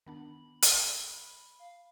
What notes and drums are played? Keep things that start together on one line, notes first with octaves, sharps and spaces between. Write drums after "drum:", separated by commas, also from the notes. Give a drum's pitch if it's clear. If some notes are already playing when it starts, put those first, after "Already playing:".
D#3 B3 D4 B5
drum: hi-hat
F5